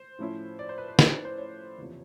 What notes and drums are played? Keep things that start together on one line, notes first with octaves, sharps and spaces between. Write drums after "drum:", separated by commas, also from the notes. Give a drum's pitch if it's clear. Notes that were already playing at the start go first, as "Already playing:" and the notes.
Already playing: C5
A2 F3 A3 C#4 E4
D5
C5
B4
B4
C5, drum: snare
B4
C5
C#5
F#1 E2 C3 F3